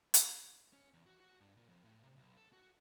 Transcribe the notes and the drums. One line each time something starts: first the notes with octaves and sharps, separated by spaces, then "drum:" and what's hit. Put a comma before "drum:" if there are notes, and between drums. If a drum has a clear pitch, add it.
drum: hi-hat
C#4
E2
F#4
F#4
G2
A#2
F2
A2
C3
B1
A4
F#4